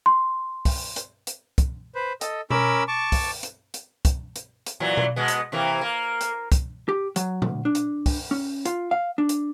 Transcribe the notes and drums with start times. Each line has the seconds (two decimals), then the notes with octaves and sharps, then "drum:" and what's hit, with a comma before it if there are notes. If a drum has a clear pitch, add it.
0.06 C6
0.65 drum: kick, open hi-hat
0.96 drum: hi-hat
1.27 drum: hi-hat
1.58 drum: kick, hi-hat
1.95 B4 C5
2.21 A4 D#5, drum: hi-hat
2.50 C#4 A#4 B5 D6 E6, drum: tom B2
2.88 A5 C#6 D6
3.12 drum: kick, open hi-hat
3.43 drum: hi-hat
3.74 drum: hi-hat
4.05 drum: kick, hi-hat
4.36 drum: hi-hat
4.66 drum: hi-hat
4.80 A#2 E3 F#3
4.97 drum: tom B2
5.16 B2 G#3 B3
5.28 drum: hi-hat
5.52 C3 E3 A#3
5.81 A#3
6.21 drum: hi-hat
6.52 drum: kick, hi-hat
6.89 G4
7.16 F#3, drum: hi-hat
7.42 D2, drum: tom A#2
7.65 D4
7.75 drum: hi-hat
8.06 drum: kick, open hi-hat
8.31 C#4
8.65 F4, drum: hi-hat
8.91 F5
9.18 D4
9.29 drum: hi-hat